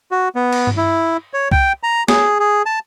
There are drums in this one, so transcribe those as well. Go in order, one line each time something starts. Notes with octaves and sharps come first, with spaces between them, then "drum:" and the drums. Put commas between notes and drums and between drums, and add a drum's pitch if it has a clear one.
F#4
B3
drum: cymbal
drum: tom G2
E4
C#5
G5, drum: kick C2
A#5
G#4, drum: snare
G#4
A5